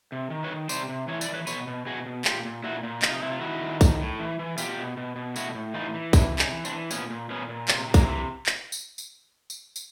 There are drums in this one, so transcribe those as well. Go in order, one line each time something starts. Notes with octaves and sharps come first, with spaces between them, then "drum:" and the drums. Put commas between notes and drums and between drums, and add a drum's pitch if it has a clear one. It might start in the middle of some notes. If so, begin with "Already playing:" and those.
C3
D#3
B4 C#5
D#3
C3 C5 D5, drum: tambourine
C3
E3 C#5
D5, drum: tambourine
E3
B4 C#5
B2 B4 C#5, drum: tambourine
B2
B2 F#4 G#4
B2
A#2 F4 G4, drum: clap
A#2
A#2 E4 F#4
A#2
C3 D#4 F4, drum: clap
D#4
C3 E4
F4
D#3 E4 F#4
D#3
A2, drum: kick B1, tambourine
A2
E3
E3
B2 F4 G4, drum: tambourine
B2
B2
B2
A2 E4 F#4, drum: tambourine
A2
E3 D#4 F4
E3
C3 D4 E4, drum: kick B1, tambourine
C3
C#4 D#4, drum: clap
E3
C4 D4, drum: tambourine
E3
A#2 B3 C#4, drum: tambourine
A#2
A#2 B3 C#4
A#2
C3 A#3 C4, drum: clap
C3
G#3 A#3, drum: kick B1, tambourine
E3
drum: clap
drum: tambourine
drum: tambourine
drum: tambourine
drum: tambourine